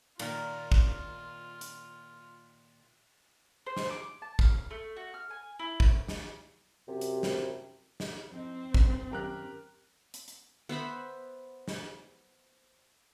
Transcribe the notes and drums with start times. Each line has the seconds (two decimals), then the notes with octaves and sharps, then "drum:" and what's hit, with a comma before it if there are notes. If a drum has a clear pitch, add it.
0.19 A#2 D#3 F4 A#4, drum: cymbal
0.72 drum: kick
1.61 drum: hi-hat
3.66 C5
3.77 drum: snare
3.91 D6
4.22 A5
4.39 F6, drum: kick
4.71 A3
4.96 F#4
5.14 F6
5.31 G#5
5.59 E4
5.80 drum: kick
6.08 drum: snare
6.87 F#2 C3
7.01 drum: hi-hat
7.23 drum: snare
8.00 drum: snare
8.31 F2 C4 D#4
8.74 G2 G5, drum: kick
9.11 F#2 D#3 G4 A#4 F#6
10.14 drum: hi-hat
10.28 drum: hi-hat
10.69 B3 C5 E5 B5
11.68 drum: snare